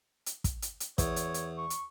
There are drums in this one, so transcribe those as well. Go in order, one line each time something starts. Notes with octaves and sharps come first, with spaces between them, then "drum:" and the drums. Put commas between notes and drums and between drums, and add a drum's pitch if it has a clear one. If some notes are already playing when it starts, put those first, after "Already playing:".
drum: hi-hat
drum: kick, hi-hat
drum: hi-hat
drum: hi-hat
E2 C#5, drum: kick, hi-hat
drum: hi-hat
drum: hi-hat
C#6
drum: hi-hat